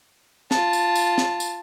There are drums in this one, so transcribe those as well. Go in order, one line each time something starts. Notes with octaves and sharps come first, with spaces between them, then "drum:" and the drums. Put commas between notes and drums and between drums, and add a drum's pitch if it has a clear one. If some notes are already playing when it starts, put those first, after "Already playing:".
F4 A5, drum: snare
drum: tambourine
drum: tambourine
drum: snare
drum: tambourine